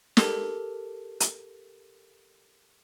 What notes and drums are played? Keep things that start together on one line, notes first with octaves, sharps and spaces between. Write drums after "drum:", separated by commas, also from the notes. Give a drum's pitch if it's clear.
G4 A4 A#4 A5, drum: snare
drum: hi-hat